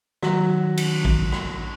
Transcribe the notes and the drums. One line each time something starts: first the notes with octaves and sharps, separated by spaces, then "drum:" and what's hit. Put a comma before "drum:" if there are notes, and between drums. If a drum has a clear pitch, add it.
D#3 F#3, drum: rim click
drum: cymbal
drum: kick A1
drum: rim click